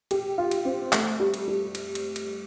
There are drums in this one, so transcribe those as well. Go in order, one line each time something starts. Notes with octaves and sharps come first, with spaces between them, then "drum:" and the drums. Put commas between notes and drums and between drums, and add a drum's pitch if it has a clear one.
G4, drum: cymbal
F4
drum: cymbal
C4
A3, drum: clap
G3
drum: cymbal
G3
drum: cymbal
drum: cymbal
drum: cymbal